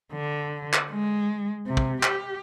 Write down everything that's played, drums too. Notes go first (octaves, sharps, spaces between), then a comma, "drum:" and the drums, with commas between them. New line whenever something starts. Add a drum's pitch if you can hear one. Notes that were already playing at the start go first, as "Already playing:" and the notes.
D3
drum: clap
G#3
C3
drum: kick
G4, drum: clap